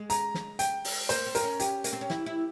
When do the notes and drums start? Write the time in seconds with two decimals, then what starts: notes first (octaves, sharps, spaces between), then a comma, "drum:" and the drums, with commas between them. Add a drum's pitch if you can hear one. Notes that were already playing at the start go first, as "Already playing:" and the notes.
Already playing: G#3
0.10 A#5, drum: hi-hat
0.34 drum: snare
0.59 G5, drum: hi-hat
0.85 drum: open hi-hat
1.09 A#3 C5, drum: hi-hat
1.26 C4
1.35 A#4, drum: hi-hat
1.43 C#4
1.60 G4, drum: hi-hat
1.84 A#3, drum: hi-hat
1.93 C4
2.01 C#4
2.10 E4, drum: snare
2.26 E4